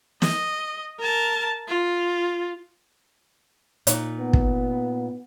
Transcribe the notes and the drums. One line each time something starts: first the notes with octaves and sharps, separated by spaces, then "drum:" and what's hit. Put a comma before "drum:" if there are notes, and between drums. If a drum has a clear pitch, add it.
D#5, drum: snare
A#4 A5
F4
A#2 D#4, drum: hi-hat
B3
drum: kick